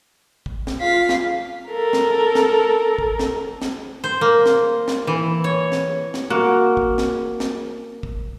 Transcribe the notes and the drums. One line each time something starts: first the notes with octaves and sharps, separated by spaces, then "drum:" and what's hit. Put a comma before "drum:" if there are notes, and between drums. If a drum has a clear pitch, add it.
drum: kick
drum: snare
F4 F5 B6
drum: snare
A4 A#4
drum: snare
drum: snare
drum: kick
drum: snare
drum: snare
C5
A#3
drum: snare
drum: snare
E3
C#5
drum: snare
drum: snare
A#3 F#4
drum: kick
drum: snare
drum: snare
drum: kick